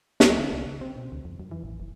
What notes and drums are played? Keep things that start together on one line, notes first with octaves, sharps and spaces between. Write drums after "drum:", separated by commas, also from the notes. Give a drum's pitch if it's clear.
D2, drum: snare
D3
C2
C#3
C4
B2
D2
F2
F#2
E3
A1
F#1